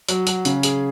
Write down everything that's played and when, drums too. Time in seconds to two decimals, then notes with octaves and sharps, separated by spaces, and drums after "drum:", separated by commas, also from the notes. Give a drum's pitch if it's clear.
0.09 F#3, drum: hi-hat
0.27 F#3, drum: hi-hat
0.45 C#3, drum: hi-hat
0.63 G#4, drum: hi-hat